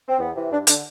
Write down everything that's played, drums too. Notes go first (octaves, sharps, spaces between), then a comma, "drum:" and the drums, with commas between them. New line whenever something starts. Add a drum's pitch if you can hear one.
C4
E2 B3
C3 E3
G2 D4
D3 D4, drum: hi-hat